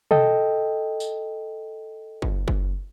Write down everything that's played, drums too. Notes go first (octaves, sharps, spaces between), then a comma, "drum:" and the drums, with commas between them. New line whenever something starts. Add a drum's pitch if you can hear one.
A4 D#5 G5, drum: tom
drum: tambourine
drum: kick F#1
drum: kick F#1